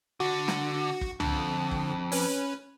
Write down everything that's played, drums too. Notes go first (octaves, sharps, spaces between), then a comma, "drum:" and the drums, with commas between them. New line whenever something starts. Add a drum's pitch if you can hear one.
D3 F#4
drum: snare
drum: kick
F2 D3, drum: tom
drum: kick
C#4 B4, drum: open hi-hat